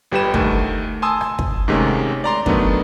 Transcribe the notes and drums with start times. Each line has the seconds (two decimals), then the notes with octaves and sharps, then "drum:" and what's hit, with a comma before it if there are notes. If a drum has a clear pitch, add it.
0.12 G1 G3 G4 B4 E7
0.34 D2 D#3 A3, drum: kick
1.02 G#5 A5 C6 D#6 E6
1.21 drum: rim click
1.39 drum: kick
1.68 G#2 C3 D#3 G#3 A3 C#4
2.24 D5 A#5 C6
2.46 D#3 F#3 A3 B3 D4, drum: kick